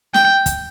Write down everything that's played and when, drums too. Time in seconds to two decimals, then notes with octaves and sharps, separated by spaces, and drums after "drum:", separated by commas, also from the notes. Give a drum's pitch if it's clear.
0.14 G5, drum: snare
0.46 drum: kick, hi-hat